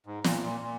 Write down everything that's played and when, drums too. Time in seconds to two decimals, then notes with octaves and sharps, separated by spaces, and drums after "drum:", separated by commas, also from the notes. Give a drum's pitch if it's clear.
0.06 G#2
0.24 A#2, drum: snare
0.44 A#2
0.62 A#2